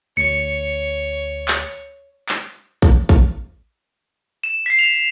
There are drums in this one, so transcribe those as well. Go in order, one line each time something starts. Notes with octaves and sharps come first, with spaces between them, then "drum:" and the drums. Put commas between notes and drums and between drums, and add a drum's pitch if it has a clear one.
D2 C#5 C#7
drum: clap
drum: clap
drum: kick
drum: kick
E7
B6 C7
F7